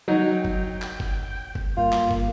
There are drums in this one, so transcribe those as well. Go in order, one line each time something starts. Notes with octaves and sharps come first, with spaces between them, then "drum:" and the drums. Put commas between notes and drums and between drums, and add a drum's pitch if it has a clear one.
F#3 D#4 G5
drum: kick
drum: clap
drum: kick
drum: kick
G2 A#3 F4
drum: clap
drum: kick